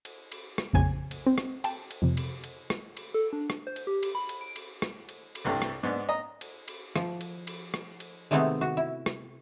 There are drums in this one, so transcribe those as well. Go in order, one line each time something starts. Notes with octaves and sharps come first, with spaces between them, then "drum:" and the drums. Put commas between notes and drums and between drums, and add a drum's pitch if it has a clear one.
drum: cymbal
drum: cymbal
drum: rim click
A#1 F2 C#3 G#5 G#6
drum: cymbal
C4
drum: rim click
G5 A5, drum: cymbal
drum: cymbal
F2 C3
drum: cymbal
drum: cymbal
drum: rim click
drum: cymbal
A4
D4
drum: rim click
C5
drum: cymbal
G4
drum: cymbal
B5
drum: cymbal
D7
drum: cymbal
drum: rim click
drum: cymbal
drum: cymbal
C2 G2 C3 A3
drum: rim click
G#2 B3 D4
D#5 A#5
drum: cymbal
drum: cymbal
F3, drum: rim click
drum: cymbal
drum: cymbal
drum: rim click
drum: cymbal
C3 D#3 G#3 A3 B3 C4
F#4
E4
drum: rim click